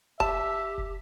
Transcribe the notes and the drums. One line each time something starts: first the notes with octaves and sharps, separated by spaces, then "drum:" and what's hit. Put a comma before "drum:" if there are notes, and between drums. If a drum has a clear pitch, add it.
G4 E5 A5, drum: kick F1
drum: kick F1